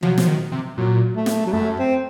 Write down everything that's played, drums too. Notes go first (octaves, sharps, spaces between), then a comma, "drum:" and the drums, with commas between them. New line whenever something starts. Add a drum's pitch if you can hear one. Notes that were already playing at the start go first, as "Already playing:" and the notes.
F3 F#3, drum: tom B2
F3, drum: snare
D#3
C3
A#2 F#3
A3
drum: snare
F#3
F#2 A3
C4